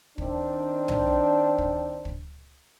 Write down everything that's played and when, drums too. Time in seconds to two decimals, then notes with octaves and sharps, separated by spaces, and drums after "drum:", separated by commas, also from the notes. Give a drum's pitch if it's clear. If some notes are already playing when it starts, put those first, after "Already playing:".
0.18 D#3 C4 D4, drum: kick
0.88 drum: tom B1
1.58 drum: kick
2.05 drum: kick